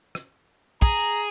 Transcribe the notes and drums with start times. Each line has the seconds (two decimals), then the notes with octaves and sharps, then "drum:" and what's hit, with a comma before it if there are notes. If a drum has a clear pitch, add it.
0.15 drum: rim click
0.82 G#4 A#5, drum: kick